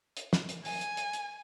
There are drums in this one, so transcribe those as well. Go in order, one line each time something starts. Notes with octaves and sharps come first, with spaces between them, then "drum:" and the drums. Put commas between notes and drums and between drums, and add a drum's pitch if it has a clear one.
drum: hi-hat
drum: snare
drum: hi-hat
G#5, drum: open hi-hat
drum: hi-hat
drum: hi-hat
drum: hi-hat